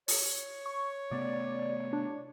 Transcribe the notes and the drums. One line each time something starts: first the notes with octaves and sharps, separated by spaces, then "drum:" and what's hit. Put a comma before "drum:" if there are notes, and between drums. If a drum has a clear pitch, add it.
C#5, drum: open hi-hat
C#6
C3 A3 B3 D5
D4